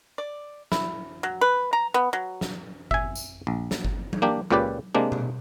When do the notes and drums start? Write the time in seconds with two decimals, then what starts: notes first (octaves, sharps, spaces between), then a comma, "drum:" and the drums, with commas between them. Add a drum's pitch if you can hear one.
0.18 D5
0.72 E4, drum: snare
1.23 F#3
1.41 B4
1.73 A#5
1.94 B3
2.13 F#3
2.41 drum: snare
2.91 E5 G#5, drum: kick G1
3.15 drum: tambourine
3.47 A#1
3.71 drum: snare
3.85 drum: kick G1
4.13 drum: tom F#3
4.22 A#3 D4 G4
4.51 C#2 A#2 C#3 G4 B4 D5
4.95 C3 G#3 A#3 D4
5.12 drum: tom B2